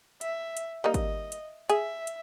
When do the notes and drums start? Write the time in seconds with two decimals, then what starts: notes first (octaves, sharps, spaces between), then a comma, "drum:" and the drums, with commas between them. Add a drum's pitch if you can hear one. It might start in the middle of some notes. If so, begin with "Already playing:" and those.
0.21 E5, drum: hi-hat
0.57 drum: hi-hat
0.84 G3 A#3 D#4 D#5
0.94 drum: kick G#1, hi-hat
1.32 drum: hi-hat
1.70 G#4 E5, drum: hi-hat
2.07 drum: hi-hat